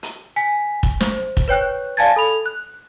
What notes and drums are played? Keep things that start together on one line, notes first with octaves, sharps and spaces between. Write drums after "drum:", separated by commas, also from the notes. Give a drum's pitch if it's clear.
drum: hi-hat
G#5 B6
drum: kick
C5, drum: snare
drum: kick
B4 C#5 G5 F#6
D5 F5 G#5 A5 G#6 A6
A4 B5 F7
F#6